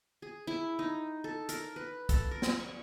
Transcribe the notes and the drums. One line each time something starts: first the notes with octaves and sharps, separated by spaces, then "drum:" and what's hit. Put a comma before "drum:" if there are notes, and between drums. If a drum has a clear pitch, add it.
G#4
E4
D#4
A4
A#4, drum: hi-hat
B4
A4, drum: kick, hi-hat
A#4
drum: snare
C#6